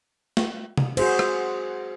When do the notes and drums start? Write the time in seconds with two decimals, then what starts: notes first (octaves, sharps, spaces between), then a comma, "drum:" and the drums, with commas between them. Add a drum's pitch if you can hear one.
0.37 drum: snare
0.78 drum: tom
0.97 F#4 G#4 C5, drum: cymbal
1.19 drum: rim click